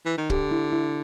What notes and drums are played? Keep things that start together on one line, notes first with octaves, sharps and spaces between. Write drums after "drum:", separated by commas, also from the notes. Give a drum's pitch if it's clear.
E3
D#3
D3 G4, drum: kick
E4
E4